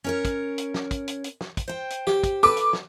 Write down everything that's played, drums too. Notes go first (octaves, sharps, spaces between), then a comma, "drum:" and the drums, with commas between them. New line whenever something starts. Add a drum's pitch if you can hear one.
C#4 A#4 C#5
drum: kick, hi-hat
drum: hi-hat
drum: snare
drum: kick, hi-hat
drum: hi-hat
drum: hi-hat
drum: snare
drum: kick, hi-hat
C5 G5
drum: hi-hat
G4, drum: snare
drum: kick, hi-hat
A4 B4 D6
drum: hi-hat
drum: snare